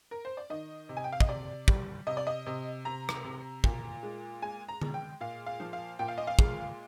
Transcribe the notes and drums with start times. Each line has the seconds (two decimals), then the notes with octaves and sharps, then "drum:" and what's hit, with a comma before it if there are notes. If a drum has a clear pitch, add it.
0.11 A#4
0.25 C5
0.37 D5
0.50 D#3 D#5
0.89 C3
0.97 G#5
1.04 G5
1.13 F5
1.20 D#5, drum: kick
1.28 C3 D5
1.68 G3, drum: kick
2.07 C3 D#5
2.17 D5
2.27 D#5
2.46 C3
2.85 C3 A#5
3.09 drum: rim click
3.24 C3
3.64 A#2, drum: kick
4.03 G#3
4.42 G#3 G#5
4.69 A#5
4.81 G#3, drum: tom D3
4.94 G5
5.21 A#2 F5
5.46 F5
5.60 F3
5.73 F5
5.99 A#2 G5
6.08 F5
6.18 D#5
6.27 F5
6.39 G#3, drum: kick